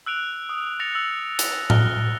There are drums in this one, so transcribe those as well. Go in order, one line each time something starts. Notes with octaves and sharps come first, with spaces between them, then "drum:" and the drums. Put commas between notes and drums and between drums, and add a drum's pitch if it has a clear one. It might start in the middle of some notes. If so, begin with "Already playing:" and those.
E6 F#6 D7 F7
D#6
D#6 F#6 A6 A#6 C#7 F7
E6 A6 C#7
drum: hi-hat
F6 F#6 A#6 G7, drum: tom A2